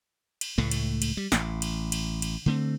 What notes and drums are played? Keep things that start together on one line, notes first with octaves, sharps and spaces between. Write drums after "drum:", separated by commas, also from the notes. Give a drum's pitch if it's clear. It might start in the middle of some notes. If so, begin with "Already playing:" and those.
drum: cymbal
C#2 A2 A3
drum: cymbal
drum: cymbal
G3
A1, drum: snare
drum: cymbal
drum: cymbal
drum: cymbal
D3 A3 C4